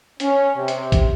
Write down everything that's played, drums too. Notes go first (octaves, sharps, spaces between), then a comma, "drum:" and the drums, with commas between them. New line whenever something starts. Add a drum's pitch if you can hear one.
C#4, drum: hi-hat
C3
drum: hi-hat
drum: kick A1, hi-hat